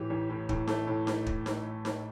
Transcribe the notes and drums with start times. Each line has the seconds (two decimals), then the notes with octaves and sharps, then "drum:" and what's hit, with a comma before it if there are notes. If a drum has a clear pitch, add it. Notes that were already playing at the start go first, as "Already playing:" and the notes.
Already playing: A2 E3 G4
0.10 A1
0.29 A2
0.49 A2, drum: kick
0.67 A3, drum: snare D#4
0.87 A2
1.07 drum: snare D#4
1.26 drum: kick
1.46 drum: snare D#4
1.85 drum: snare D#4